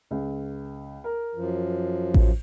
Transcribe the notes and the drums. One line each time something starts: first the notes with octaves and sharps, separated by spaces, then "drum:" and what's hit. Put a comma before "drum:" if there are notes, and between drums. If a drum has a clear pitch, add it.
C#2
A#4
F#2 F3
drum: kick A1